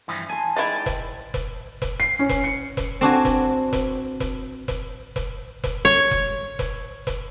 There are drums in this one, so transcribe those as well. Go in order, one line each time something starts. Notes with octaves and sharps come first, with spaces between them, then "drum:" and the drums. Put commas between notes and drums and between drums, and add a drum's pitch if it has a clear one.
G2 E3 F3
G#5 A5 C6
G#3 D#4 E4 D5 G5
drum: kick F1, hi-hat
drum: kick F1, hi-hat
drum: kick F1, hi-hat
C7
C#4
drum: kick F1, hi-hat
C#7
drum: kick F1, hi-hat
C4 D4 F#4 G#5
drum: kick F1, hi-hat
drum: kick F1, hi-hat
drum: kick F1, hi-hat
drum: kick F1, hi-hat
drum: kick F1, hi-hat
drum: kick F1, hi-hat
C#5
drum: kick F1
drum: kick F1, hi-hat
drum: kick F1, hi-hat